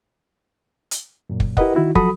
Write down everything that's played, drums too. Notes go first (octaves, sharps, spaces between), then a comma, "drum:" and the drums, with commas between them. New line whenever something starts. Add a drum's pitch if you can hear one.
drum: hi-hat
F#2 A#2
drum: kick
E4 G4 A#4 B4 D#5 F#5, drum: kick
D#3 D#4 E4 F#4
F3 F#3 F#4 A4 B5 D#6, drum: kick